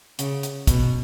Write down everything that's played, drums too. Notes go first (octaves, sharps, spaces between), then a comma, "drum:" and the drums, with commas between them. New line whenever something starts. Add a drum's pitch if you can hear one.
C#3, drum: hi-hat
drum: hi-hat
B2, drum: kick, hi-hat